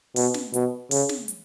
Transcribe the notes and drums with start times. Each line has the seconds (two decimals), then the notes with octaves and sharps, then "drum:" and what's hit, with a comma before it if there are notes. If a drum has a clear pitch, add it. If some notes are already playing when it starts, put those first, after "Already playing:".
0.16 B2, drum: open hi-hat
0.34 drum: snare
0.54 B2, drum: hi-hat
0.91 C#3, drum: open hi-hat
1.09 drum: snare
1.28 drum: hi-hat